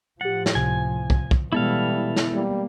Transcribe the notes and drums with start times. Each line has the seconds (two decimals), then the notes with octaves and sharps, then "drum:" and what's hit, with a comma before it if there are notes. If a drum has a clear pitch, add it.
0.21 A2 F3 G4 F#5 A6
0.46 drum: snare
0.55 C#2 C3 G#5
1.10 drum: kick
1.31 drum: kick
1.53 B2 E3 G3 G#3 B3 E4 A4 F5
2.17 drum: snare
2.34 G3 A#3